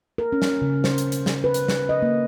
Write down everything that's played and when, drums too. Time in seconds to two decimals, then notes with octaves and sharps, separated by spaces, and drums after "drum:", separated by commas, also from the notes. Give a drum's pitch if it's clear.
0.18 A#4
0.32 C#4
0.42 drum: snare
0.62 C#3
0.84 C5, drum: snare
0.98 drum: hi-hat
1.12 drum: hi-hat
1.26 drum: snare
1.44 B4
1.54 drum: hi-hat
1.68 drum: snare
1.89 D#5
2.02 A#3